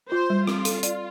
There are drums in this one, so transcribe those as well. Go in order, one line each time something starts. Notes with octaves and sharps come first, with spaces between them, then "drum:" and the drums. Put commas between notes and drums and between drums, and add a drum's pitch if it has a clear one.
F4 C5
G3
C4 F4, drum: rim click
A4, drum: hi-hat
D5, drum: hi-hat